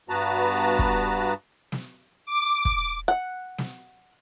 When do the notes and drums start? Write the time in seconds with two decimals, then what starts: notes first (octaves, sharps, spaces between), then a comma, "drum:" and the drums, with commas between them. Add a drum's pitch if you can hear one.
0.09 G2 B3 F#4 B4 A5 A#5
0.79 drum: kick
1.72 drum: snare
2.26 D6
2.65 drum: kick
3.08 F#5
3.58 drum: snare